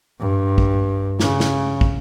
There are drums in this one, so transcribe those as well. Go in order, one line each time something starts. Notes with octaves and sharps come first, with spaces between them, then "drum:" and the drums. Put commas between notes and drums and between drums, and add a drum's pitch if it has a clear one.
G2
drum: kick
C#3, drum: snare
drum: snare
drum: kick